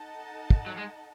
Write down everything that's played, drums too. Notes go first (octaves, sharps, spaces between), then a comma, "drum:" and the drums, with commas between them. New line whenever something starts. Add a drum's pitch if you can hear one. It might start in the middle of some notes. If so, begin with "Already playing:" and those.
Already playing: D#4 A4 D#5 F#5 A5
drum: kick
F#3
G#3